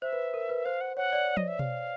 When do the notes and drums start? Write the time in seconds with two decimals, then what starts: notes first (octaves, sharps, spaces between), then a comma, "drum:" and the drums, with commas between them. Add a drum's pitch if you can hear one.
0.02 C5 E5
0.13 B4
0.34 A#4
0.49 B4
0.65 C5 F5
0.81 F#5
0.97 C#5 F#5
1.12 D5
1.37 D#5, drum: tom
1.48 E5
1.59 F5, drum: tom B2